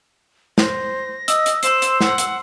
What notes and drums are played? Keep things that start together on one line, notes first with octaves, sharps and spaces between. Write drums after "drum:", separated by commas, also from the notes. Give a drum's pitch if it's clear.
C5 A#6, drum: snare
D#5 D#6 E6, drum: hi-hat
drum: hi-hat
C5 C6 E6 C7 E7, drum: hi-hat
drum: hi-hat
F#5, drum: snare
drum: hi-hat